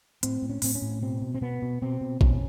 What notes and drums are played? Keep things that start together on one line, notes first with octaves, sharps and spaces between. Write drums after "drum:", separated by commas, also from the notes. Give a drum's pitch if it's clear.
A2 C4, drum: hi-hat
A2
C#4
A2 C4, drum: open hi-hat
C#4
A2
B2 C4
B2
C4
B2 B3
B2
B2 C4
B2
B2 C#4, drum: kick A#1